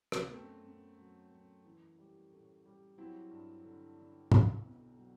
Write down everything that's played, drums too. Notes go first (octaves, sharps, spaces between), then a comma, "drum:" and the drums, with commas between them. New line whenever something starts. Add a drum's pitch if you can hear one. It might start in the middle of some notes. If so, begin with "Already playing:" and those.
drum: rim click
B3
F#2 A3 C4
F#2
F#3
F#2
E3
G3
A2
G3
F#3 C4 E4
G2
D3
D3
B1, drum: tom G#2
B2
F#3